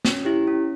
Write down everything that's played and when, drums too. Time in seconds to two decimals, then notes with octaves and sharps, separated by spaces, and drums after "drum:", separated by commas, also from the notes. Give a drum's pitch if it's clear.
0.05 C#4, drum: snare
0.25 E4 G4
0.47 C#4